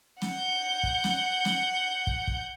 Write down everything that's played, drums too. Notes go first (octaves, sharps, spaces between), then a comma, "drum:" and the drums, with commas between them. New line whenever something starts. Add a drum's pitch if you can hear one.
F#5 G6, drum: snare
drum: kick
drum: snare
drum: snare
drum: kick
drum: kick